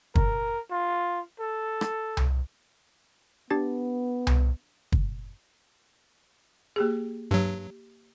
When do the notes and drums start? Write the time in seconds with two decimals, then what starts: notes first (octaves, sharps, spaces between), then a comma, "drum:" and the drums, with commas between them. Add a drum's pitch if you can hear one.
0.15 A#4, drum: kick
0.71 F4
1.40 A4
1.81 drum: rim click
2.17 drum: tom C2
3.50 B3 D4 G4 A6
4.27 drum: tom C2
4.92 drum: kick
6.76 A#3 G4 G#4
7.31 G2 F#3 G4